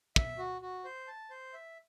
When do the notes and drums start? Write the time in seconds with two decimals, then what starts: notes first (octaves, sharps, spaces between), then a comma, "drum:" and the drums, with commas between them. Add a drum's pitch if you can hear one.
0.16 E5, drum: kick
0.38 F#4
0.62 F#4
0.85 C5
1.08 A5
1.30 C5
1.54 E5